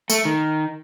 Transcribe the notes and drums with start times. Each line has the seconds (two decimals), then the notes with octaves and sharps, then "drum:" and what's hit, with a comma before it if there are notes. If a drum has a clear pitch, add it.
0.10 A3, drum: tambourine
0.25 D#3